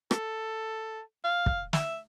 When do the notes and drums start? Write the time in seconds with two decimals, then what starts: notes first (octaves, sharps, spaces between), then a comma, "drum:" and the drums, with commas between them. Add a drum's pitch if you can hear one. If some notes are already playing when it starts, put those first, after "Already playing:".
0.11 A4, drum: rim click
1.24 F5
1.46 drum: kick
1.73 E5, drum: snare